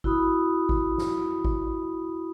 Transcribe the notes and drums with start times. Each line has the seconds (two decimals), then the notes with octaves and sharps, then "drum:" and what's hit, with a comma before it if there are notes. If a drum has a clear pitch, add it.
0.04 E4 F#4 B5 D#6, drum: kick G#1
0.69 drum: kick G#1
0.98 drum: snare
1.45 drum: kick G#1